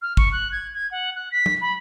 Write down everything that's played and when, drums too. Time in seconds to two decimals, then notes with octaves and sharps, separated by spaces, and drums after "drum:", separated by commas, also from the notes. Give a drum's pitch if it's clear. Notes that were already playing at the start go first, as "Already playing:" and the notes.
0.02 F6
0.17 C#6, drum: kick
0.32 F#6
0.52 G#6
0.74 G#6
0.91 F#5
1.16 F#6
1.32 B6
1.46 drum: tom
1.61 B5